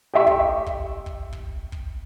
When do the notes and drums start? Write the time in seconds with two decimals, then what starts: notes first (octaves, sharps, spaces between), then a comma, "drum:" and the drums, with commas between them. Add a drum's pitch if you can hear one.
0.14 G4 D#5 E5 C#6
0.27 drum: kick
0.66 drum: kick
1.06 drum: kick
1.33 drum: kick
1.72 drum: kick